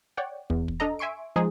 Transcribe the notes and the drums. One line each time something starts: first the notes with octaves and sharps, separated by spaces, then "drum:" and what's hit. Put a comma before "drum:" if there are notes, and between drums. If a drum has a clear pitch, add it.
C#5 D5 F#5 G5
E2, drum: kick
drum: kick
D4 A4 D#5 A#5
E5 G#5 C6 C#6 D7
F3 G#3 D#4 G#4 C6